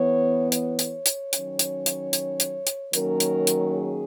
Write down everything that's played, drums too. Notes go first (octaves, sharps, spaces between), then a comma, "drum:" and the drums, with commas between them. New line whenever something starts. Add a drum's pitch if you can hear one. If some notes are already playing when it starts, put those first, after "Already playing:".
Already playing: E3 B3 C#5
C#5, drum: hi-hat
drum: hi-hat
drum: hi-hat
D#3 F#3 C#4, drum: hi-hat
drum: hi-hat
drum: hi-hat
drum: hi-hat
drum: hi-hat
drum: hi-hat
D#3 F#3 A#3 C#4 A#4, drum: hi-hat
drum: hi-hat
drum: hi-hat
G#4